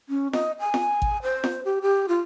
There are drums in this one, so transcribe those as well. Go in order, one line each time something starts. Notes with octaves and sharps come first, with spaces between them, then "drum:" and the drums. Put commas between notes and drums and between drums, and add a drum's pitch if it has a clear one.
C#4
D#5, drum: snare
G#5
drum: snare
drum: kick
C5
drum: snare
G4
G4
F4